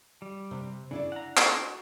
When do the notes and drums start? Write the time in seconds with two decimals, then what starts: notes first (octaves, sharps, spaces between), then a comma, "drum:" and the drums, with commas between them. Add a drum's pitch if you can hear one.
0.22 G3
0.51 C3
0.91 C#3 D4 E4 D5
1.12 F#5 A#5
1.37 F#4, drum: clap